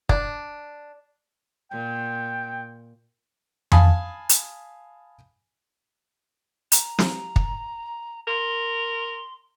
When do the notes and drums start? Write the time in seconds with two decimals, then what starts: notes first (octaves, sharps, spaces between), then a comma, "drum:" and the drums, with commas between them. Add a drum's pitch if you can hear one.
0.09 D4, drum: kick
1.71 A#2 G5
3.72 F5 G#5 A5 B5 D#6, drum: tom F2
4.29 drum: hi-hat
6.72 A#5, drum: hi-hat
6.99 drum: snare
7.36 drum: kick
8.27 A#4 C6